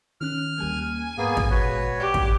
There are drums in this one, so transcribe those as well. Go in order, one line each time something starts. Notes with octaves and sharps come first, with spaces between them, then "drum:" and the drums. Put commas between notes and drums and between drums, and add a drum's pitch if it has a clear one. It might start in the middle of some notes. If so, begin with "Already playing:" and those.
D#3 C#4 F6 F#6
D#2 G3 A#3 G#5
G#2 A#3 B3 G#4
drum: kick
A#2 G#3 F#4 B4 C#5
G4 D5
drum: kick